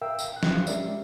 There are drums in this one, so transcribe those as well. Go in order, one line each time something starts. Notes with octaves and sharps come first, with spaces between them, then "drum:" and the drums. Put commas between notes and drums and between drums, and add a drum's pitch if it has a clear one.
A#4 E5 F5 G5 E6
drum: tambourine
F5 F#6
drum: snare
G#3 C#4 G4 A#4 D5 E5, drum: tambourine